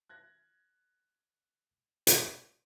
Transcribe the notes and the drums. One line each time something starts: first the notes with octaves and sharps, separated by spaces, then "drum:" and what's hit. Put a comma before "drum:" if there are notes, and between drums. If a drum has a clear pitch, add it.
F#6 G#6 A#6
drum: hi-hat